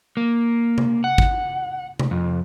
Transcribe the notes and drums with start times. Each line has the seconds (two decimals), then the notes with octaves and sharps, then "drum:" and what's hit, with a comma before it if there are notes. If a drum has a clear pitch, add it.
0.17 A#3
0.78 drum: tom C3
1.04 F#5
1.18 drum: kick
1.99 drum: tom C3
2.11 F2